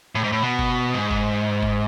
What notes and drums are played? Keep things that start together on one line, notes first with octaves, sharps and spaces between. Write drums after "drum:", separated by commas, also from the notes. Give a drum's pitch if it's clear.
A2
G#2
A2
B2
drum: kick F#1
G#2
drum: kick F#1
drum: kick F#1